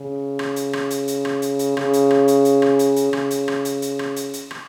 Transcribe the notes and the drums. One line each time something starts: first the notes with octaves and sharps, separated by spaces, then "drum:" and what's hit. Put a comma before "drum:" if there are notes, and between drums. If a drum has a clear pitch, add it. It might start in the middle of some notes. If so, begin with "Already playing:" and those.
Already playing: C#3
drum: rim click
drum: hi-hat
drum: rim click
drum: hi-hat
drum: hi-hat
drum: rim click
drum: hi-hat
drum: hi-hat
C#3, drum: rim click
drum: hi-hat
drum: rim click
drum: hi-hat
drum: hi-hat
drum: rim click
drum: hi-hat
drum: hi-hat
C#3, drum: rim click
drum: hi-hat
drum: rim click
drum: hi-hat
drum: hi-hat
drum: rim click
drum: hi-hat
drum: hi-hat
drum: rim click